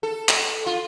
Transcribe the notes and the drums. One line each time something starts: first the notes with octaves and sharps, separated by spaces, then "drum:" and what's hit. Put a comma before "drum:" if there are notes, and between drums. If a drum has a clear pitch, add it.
A4
drum: clap
F4